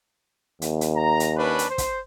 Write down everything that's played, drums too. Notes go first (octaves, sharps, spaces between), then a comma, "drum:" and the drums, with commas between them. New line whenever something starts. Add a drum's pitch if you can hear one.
D#2, drum: hi-hat
drum: hi-hat
A#5
drum: hi-hat
C#4 D4 B4
drum: hi-hat
C5
drum: kick, hi-hat